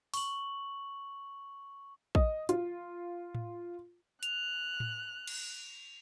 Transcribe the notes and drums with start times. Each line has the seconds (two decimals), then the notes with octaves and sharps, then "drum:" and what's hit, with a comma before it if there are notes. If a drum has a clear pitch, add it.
0.14 C#6 F#7, drum: open hi-hat
2.15 D#5, drum: kick
2.49 F4, drum: hi-hat
3.35 drum: tom A2
4.23 F#6 F7, drum: hi-hat
4.80 drum: tom A2
5.27 drum: cymbal